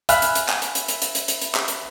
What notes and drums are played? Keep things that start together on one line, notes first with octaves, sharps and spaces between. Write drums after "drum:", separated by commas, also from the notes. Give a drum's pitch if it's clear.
E5 G#5 B5 F6 F#6, drum: hi-hat
drum: hi-hat
drum: hi-hat
drum: clap
drum: hi-hat
drum: hi-hat
drum: hi-hat
drum: hi-hat
drum: hi-hat
drum: hi-hat
drum: hi-hat
drum: clap
drum: hi-hat